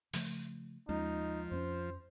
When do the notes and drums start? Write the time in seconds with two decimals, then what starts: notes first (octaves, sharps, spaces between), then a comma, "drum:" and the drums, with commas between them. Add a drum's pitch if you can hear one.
0.13 C#3 F3 A3, drum: open hi-hat
0.89 D#2 F3 G#3 C#4 D#4
1.51 F2 A#3 C#4 C5